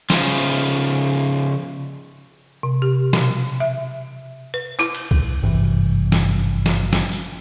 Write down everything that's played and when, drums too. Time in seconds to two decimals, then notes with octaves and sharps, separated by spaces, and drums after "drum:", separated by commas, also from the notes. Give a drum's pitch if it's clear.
0.10 C#3 F3, drum: snare
2.63 C3
2.82 G4
3.13 B2, drum: snare
3.60 E5
4.54 B4
4.79 E4, drum: clap
4.95 drum: cymbal
5.11 drum: kick
5.43 G#1 G2 C3 E3
6.12 drum: snare
6.66 drum: snare
6.93 drum: snare
7.12 drum: tambourine